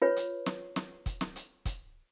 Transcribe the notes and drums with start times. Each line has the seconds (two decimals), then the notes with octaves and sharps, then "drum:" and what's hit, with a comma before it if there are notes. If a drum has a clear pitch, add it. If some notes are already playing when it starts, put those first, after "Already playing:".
0.02 F4 B4 C#5
0.16 drum: hi-hat
0.46 drum: snare
0.76 drum: snare
1.06 drum: kick, hi-hat
1.21 drum: snare
1.36 drum: hi-hat
1.65 drum: kick, hi-hat